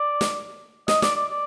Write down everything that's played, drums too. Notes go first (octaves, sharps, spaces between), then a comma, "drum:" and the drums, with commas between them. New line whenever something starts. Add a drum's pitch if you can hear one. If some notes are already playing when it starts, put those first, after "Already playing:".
Already playing: D5
drum: snare
D#5, drum: snare
D5, drum: snare
D5
D5